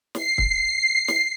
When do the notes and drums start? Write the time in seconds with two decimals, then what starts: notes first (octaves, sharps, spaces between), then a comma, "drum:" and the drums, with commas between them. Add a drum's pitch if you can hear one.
0.15 C7, drum: snare
0.38 drum: kick
1.08 drum: snare